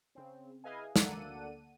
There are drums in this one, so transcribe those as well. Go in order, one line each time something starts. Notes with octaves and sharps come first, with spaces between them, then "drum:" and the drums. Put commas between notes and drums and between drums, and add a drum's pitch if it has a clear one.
C#3 C4
E4 G#4 B4 D#5 F5 G#5
D2 A#3 A4 D5 F#5 D#7, drum: snare